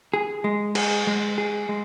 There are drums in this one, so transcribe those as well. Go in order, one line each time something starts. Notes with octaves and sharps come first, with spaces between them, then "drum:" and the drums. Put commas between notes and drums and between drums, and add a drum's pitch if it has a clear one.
G#4
G#3
G#4, drum: cymbal
G#3
G#4
G#3